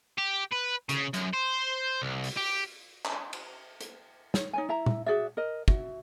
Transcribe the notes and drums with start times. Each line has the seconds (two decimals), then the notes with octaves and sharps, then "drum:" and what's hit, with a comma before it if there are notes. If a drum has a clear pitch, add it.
0.18 G4
0.52 B4
0.89 C#3, drum: hi-hat
1.14 F#2, drum: hi-hat
1.34 C5
2.02 C2
2.24 drum: open hi-hat
2.37 G4
3.05 drum: clap
3.33 drum: cymbal
3.81 drum: hi-hat
4.34 C#5, drum: snare
4.53 D#4 C#5 G#5
4.69 E4 E5 A#5
4.86 drum: tom
5.06 F#4 G#4 D5 E5
5.37 A#4 D#5
5.68 F#4 E5, drum: kick